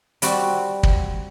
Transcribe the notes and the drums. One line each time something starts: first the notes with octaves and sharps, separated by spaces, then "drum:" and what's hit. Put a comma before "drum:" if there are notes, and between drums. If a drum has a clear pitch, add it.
G3 C4 F#4, drum: hi-hat
drum: kick